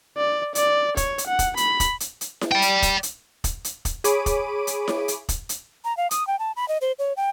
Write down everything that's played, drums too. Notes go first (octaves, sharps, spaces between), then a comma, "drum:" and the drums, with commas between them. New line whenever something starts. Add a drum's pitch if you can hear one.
D5
D5, drum: hi-hat
C#5, drum: kick, hi-hat
drum: hi-hat
F#5
drum: kick, hi-hat
B5, drum: hi-hat
drum: kick, hi-hat
drum: hi-hat
drum: hi-hat
drum: snare E4
D5 G5
drum: hi-hat
drum: kick, hi-hat
drum: hi-hat
drum: kick, hi-hat
drum: hi-hat
drum: kick, hi-hat
G#4 C#5 B5 D6 D7 D#7, drum: hi-hat
drum: kick, hi-hat
drum: hi-hat
drum: snare E4
drum: hi-hat
drum: kick, hi-hat
drum: hi-hat
A#5
F5
D#6, drum: hi-hat
G5
A5
B5
D#5
C5
C#5
G5